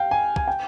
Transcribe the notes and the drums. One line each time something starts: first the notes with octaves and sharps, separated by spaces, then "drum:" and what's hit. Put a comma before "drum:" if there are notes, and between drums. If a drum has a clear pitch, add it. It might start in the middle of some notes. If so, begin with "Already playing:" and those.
Already playing: F5 G5
G#5
G#5, drum: kick B1
G5